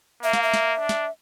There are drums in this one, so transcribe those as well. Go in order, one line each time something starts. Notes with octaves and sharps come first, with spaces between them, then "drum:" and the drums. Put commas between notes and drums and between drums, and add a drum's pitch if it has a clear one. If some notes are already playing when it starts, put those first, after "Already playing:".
A#3 E5
F5, drum: snare
E5
drum: snare
D4
drum: snare